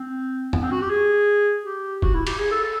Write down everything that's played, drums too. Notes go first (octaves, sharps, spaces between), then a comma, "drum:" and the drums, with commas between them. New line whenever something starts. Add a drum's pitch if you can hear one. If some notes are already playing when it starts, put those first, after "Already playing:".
Already playing: C4
B3, drum: tom E2
C4
F#4
G4
G#4
G4
F#4, drum: kick
E4
G4, drum: cymbal
G#4
A4
A4